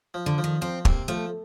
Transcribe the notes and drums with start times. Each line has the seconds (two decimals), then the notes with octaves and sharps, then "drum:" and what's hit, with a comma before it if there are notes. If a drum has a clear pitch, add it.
0.14 F3
0.26 D3
0.38 F3
0.44 D#3
0.62 F3 C4
0.85 C3 A#3, drum: kick
1.08 F3 A3